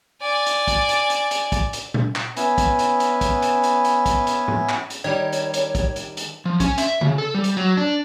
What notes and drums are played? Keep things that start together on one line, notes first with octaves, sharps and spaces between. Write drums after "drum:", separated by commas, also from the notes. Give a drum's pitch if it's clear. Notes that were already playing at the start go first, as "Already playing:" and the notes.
D5 G#5
drum: hi-hat
drum: kick, hi-hat
drum: hi-hat
drum: hi-hat
drum: hi-hat
drum: kick, hi-hat
drum: hi-hat
drum: tom A#2
drum: clap
B3 C#4 E4 B4 G#5, drum: hi-hat
drum: kick, hi-hat
drum: hi-hat
drum: hi-hat
drum: kick, hi-hat
drum: hi-hat
drum: hi-hat
drum: hi-hat
drum: kick, hi-hat
drum: hi-hat
drum: tom G#2
drum: clap
drum: hi-hat
D#3 G3 C#5
drum: hi-hat
drum: hi-hat
drum: kick, hi-hat
drum: hi-hat
drum: hi-hat
F3
C#4, drum: kick, hi-hat
E5, drum: hi-hat
C#3, drum: tom D3
A4
G3
drum: hi-hat
F#3
D4